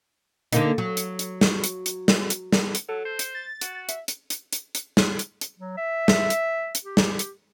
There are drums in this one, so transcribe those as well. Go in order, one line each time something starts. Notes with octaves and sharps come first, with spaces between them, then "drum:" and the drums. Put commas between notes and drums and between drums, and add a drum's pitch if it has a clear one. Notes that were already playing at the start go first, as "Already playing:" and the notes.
D3 A#3 D#4, drum: hi-hat
F#3
drum: hi-hat
drum: hi-hat
drum: snare
drum: hi-hat
drum: hi-hat
drum: snare
drum: hi-hat
drum: snare
drum: hi-hat
F#3 A4
C5
drum: hi-hat
A6
F#4, drum: hi-hat
E5, drum: hi-hat
drum: hi-hat
drum: hi-hat
drum: hi-hat
drum: hi-hat
drum: snare
drum: hi-hat
drum: hi-hat
F#3
E5
drum: snare
drum: hi-hat
drum: hi-hat
G4
drum: snare
drum: hi-hat